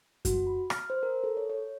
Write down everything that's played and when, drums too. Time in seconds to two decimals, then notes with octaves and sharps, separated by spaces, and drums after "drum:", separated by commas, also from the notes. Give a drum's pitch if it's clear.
0.25 F#4, drum: kick F#2, hi-hat
0.47 B5
0.70 F6, drum: rim click
0.90 C5
1.03 A#4
1.24 A4
1.37 C#5
1.50 C#5